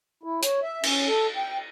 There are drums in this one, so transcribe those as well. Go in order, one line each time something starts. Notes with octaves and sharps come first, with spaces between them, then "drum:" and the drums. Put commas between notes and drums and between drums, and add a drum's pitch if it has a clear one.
E4
C#5, drum: hi-hat
E5
C#4, drum: cymbal
A4
G5